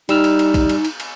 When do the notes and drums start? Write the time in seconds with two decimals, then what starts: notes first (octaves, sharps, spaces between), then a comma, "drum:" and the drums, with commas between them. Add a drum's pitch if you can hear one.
0.09 G3 D#4 E6 F6, drum: cymbal
0.24 drum: cymbal
0.39 drum: cymbal
0.54 drum: kick, cymbal
0.69 drum: cymbal
0.85 drum: cymbal
1.00 drum: cymbal